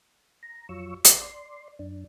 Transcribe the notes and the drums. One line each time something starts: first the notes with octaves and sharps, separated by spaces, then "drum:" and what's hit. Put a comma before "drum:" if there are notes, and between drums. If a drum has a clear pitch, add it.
A#5
F2 F#3 F4 C#5 C#6 E6
D5 C6, drum: hi-hat
F#2 D4